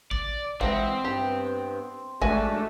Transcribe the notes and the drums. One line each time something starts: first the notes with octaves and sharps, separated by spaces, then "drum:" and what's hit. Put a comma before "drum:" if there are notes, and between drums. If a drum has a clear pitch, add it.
D5, drum: kick G#1
E3 G#3 C4 E5 F#5, drum: kick G#1
G2 B3 G4
G#2 A3 D4 F#4 G#5, drum: kick G#1